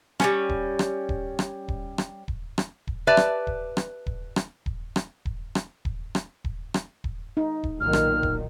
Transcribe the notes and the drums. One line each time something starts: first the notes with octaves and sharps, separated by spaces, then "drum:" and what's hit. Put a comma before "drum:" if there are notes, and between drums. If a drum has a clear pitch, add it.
G3 B3 C#4, drum: rim click
drum: kick D#1
drum: rim click
drum: kick D#1
drum: rim click
drum: kick D#1
drum: rim click
drum: kick D#1
drum: rim click
drum: kick D#1
G4 B4 D5 E5 A5
drum: rim click
drum: kick D#1
drum: rim click
drum: kick D#1
drum: rim click
drum: kick D#1
drum: rim click
drum: kick D#1
drum: rim click
drum: kick D#1
drum: rim click
drum: kick D#1
drum: rim click
drum: kick D#1
D#4
drum: kick D#1
B1 A#2 D#3 F6
drum: rim click
drum: kick D#1